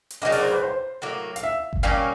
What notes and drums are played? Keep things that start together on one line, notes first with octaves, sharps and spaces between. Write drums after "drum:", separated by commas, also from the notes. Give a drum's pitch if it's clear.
drum: hi-hat
C#3 F#3 A#3 D4 D#5
D5, drum: open hi-hat
C5
B4
C5
A2 F#3 A#3
F5, drum: hi-hat
E5
drum: kick G1
A#2 G3 A#3 C#4 F5